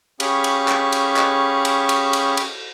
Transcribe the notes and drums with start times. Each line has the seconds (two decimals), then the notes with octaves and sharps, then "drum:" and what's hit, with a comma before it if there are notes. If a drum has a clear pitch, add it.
0.20 C#4 G4 G#4 F5 B5 C#6, drum: cymbal
0.44 drum: cymbal
0.68 drum: clap
0.92 drum: cymbal
1.17 drum: clap
1.65 drum: cymbal
1.89 drum: cymbal
2.13 drum: cymbal
2.37 drum: cymbal